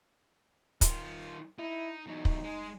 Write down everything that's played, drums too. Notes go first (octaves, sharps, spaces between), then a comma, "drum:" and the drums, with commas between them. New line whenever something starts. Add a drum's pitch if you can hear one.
D#3 F4, drum: kick, hi-hat
D#4 E4
E2 F#3 D#4
drum: kick
G#3